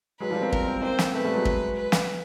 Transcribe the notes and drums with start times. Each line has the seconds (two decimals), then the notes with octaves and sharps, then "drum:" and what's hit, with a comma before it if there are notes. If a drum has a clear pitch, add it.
0.20 F#3 G#3 B4
0.31 F3 G3
0.41 A#3 C4
0.52 C4 A#4, drum: kick
0.67 C4
0.82 A#3 C4 C5
0.99 drum: snare
1.14 A3 B3 B4
1.24 G3 A3
1.34 F#3 G#3
1.45 drum: kick
1.76 B4
1.92 drum: snare